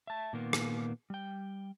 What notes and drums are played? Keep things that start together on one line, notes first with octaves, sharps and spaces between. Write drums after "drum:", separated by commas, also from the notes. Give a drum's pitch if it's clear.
E5 A5
A#2 D#3 A#3 B3
drum: rim click
G3 G5